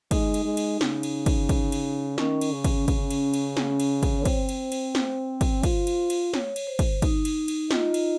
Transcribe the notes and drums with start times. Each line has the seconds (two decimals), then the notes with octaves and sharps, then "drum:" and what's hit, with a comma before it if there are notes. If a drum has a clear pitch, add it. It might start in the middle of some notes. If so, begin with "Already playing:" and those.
0.11 G#3 D#4, drum: kick, cymbal
0.34 drum: cymbal
0.45 G#3
0.57 drum: cymbal
0.81 C#3, drum: snare
1.03 drum: cymbal
1.26 drum: kick, cymbal
1.49 drum: kick, cymbal
1.72 drum: cymbal
2.18 D#3 C#4, drum: snare
2.41 drum: cymbal
2.52 C#3
2.64 drum: kick, cymbal
2.88 C#3, drum: kick, cymbal
3.11 drum: cymbal
3.34 drum: cymbal
3.57 drum: snare
3.80 drum: cymbal
4.03 drum: kick, cymbal
4.17 C#5
4.25 C4 C5, drum: kick, cymbal
4.49 drum: cymbal
4.72 drum: cymbal
4.95 drum: snare
5.41 drum: kick, cymbal
5.63 F4, drum: kick, cymbal
5.87 drum: cymbal
6.10 drum: cymbal
6.34 C#5, drum: snare
6.56 drum: cymbal
6.67 C5
6.79 drum: kick, cymbal
7.02 D#4, drum: kick, cymbal
7.25 drum: cymbal
7.48 drum: cymbal
7.71 D#4 F4, drum: snare
7.94 drum: cymbal